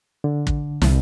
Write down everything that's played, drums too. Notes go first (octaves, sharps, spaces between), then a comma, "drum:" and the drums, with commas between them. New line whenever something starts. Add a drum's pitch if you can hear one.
D3
drum: kick
C2, drum: snare